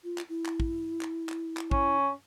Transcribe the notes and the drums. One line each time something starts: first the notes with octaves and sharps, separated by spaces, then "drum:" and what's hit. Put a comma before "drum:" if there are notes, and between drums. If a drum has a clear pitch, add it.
F4
drum: clap
E4
drum: clap
drum: kick
drum: clap
drum: clap
drum: clap
C#4, drum: kick